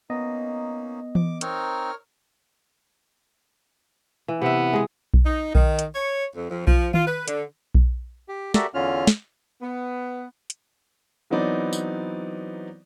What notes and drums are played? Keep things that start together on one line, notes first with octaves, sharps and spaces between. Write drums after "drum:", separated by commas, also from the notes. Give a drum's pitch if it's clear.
A#3 B3 C#4 D#4 D#5
D6, drum: tom E3
C4 D#4 A#4 C#5 F6, drum: hi-hat
E3
C3 B3 E5
G#3 G#4
drum: kick B1
D#4
D#3, drum: kick B1
drum: hi-hat
C#5
F2
F2
F3, drum: kick B1
F4, drum: tom D#3
B4
D3, drum: hi-hat
drum: kick B1
G4
F#4 G4 A4 A#4 D5 E5, drum: snare
E2 D3 C#4 F4 F6
drum: snare
B3
drum: hi-hat
E3 F#3 B3 C4 D#4 D5
drum: tambourine